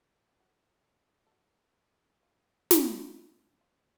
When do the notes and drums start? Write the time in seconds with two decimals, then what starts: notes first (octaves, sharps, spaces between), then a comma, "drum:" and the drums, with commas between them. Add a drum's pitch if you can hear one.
0.40 F#4
1.27 A4
1.32 F#4
2.23 F4
2.71 drum: snare
3.14 D#4
3.61 F4